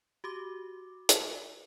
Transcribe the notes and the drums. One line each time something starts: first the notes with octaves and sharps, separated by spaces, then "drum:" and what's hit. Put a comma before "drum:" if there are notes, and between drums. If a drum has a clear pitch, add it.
F#4 G4 D6
drum: hi-hat